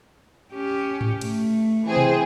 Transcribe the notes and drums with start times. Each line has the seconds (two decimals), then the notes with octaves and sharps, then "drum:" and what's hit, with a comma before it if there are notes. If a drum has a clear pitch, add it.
0.54 C#4 G4
1.01 drum: tom G#2
1.21 A3, drum: cymbal
1.87 E3 C4 G#4 C5
1.97 drum: tom B2